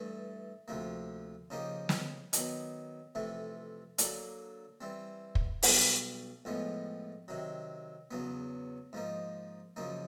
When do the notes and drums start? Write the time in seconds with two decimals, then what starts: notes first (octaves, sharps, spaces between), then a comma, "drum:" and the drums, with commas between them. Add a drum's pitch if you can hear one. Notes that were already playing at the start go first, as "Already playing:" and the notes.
Already playing: G2 E3 A3
0.68 D2 C3 F3 A#3
1.50 C#3 F3 A#3 D#4 G4
1.89 drum: snare
2.33 D#3 F#3 B3, drum: hi-hat
3.15 F2 C3 E3 A3
3.98 D3 F#3 A#3 D4, drum: hi-hat
4.81 E3 G3 C4
5.35 drum: kick
5.63 B1 B2 G3, drum: open hi-hat
6.45 A1 A2 F3 G#3 B3
7.28 C3 D#3 F#3
8.11 E2 C#3 F#3 B3
8.93 G#2 F3 A#3 D#4
9.76 F#2 C#3 F3 A#3 D#4